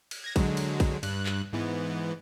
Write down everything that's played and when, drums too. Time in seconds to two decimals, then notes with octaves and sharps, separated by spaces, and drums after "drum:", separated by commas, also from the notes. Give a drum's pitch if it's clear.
0.11 drum: cymbal
0.24 G#6 A#6
0.36 D3 F#3 G#3, drum: kick, cymbal
0.57 drum: cymbal
0.80 drum: kick, cymbal
1.03 G2 F#6, drum: cymbal
1.26 drum: clap
1.53 G#2 E3 B3